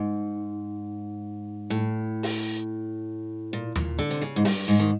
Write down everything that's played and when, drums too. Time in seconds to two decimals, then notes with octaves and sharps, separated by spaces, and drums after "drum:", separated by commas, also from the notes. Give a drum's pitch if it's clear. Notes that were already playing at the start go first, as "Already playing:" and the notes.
Already playing: G#2
1.70 A2
2.23 drum: open hi-hat
3.53 A#2
3.76 A#2, drum: tom D#2
3.99 D3
4.10 C3
4.22 C#3
4.36 G#2
4.45 G2, drum: open hi-hat
4.68 G#2
4.79 D#3